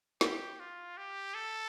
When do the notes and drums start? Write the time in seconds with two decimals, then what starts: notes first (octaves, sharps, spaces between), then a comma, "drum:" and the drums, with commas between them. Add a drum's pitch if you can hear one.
0.21 G4, drum: snare
0.60 F4
0.97 G4
1.34 A4